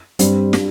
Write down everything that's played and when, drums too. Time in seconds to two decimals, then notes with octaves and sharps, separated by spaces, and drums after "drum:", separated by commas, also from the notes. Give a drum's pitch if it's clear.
0.19 G2 G3 C4, drum: hi-hat
0.53 G3 D4, drum: snare